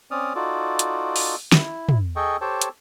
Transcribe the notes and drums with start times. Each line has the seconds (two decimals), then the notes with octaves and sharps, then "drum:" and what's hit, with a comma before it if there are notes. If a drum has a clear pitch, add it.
0.11 C4 C#4 D5 D#6 F6
0.35 D#4 F4 F#4 A4 D5
0.79 drum: hi-hat
1.16 drum: open hi-hat
1.52 E4, drum: snare
1.89 drum: tom
2.16 G#4 A4 D#5 G5 C#6
2.41 G4 A4 C5 C#5 G5 A5
2.61 drum: hi-hat